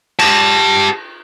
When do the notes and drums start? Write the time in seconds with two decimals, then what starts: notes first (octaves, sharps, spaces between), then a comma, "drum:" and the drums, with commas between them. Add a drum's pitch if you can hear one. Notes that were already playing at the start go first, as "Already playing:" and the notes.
0.19 G4 A5, drum: cymbal